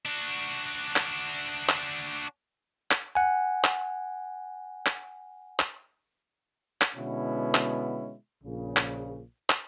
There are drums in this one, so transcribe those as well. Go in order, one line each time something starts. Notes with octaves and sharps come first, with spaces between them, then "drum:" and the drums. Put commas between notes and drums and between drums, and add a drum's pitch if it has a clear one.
D4 F#4
drum: clap
drum: clap
drum: clap
F#5 G#5
drum: clap
drum: clap
drum: clap
drum: clap
B2 D3 G#3 B3 C#4 E4
drum: clap
A#1 A#2 C#3
drum: clap
drum: clap